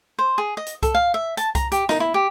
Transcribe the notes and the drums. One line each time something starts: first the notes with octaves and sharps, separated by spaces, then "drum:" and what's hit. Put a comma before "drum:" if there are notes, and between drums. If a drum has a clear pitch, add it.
C5
G#4
D#5
drum: hi-hat
A4, drum: kick C2, hi-hat
F5
E5
A5, drum: hi-hat
A#5, drum: kick C2, hi-hat
G4, drum: hi-hat
D#4, drum: snare
E4
G4